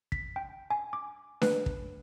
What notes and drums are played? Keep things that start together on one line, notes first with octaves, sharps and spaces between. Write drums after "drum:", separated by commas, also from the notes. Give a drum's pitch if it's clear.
B6, drum: kick
G5
G#5
D6
B4, drum: snare D4
drum: kick